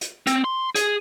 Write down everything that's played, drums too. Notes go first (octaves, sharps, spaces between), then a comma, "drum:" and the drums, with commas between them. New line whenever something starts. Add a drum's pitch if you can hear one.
drum: hi-hat
C4, drum: hi-hat
C6
G#4, drum: hi-hat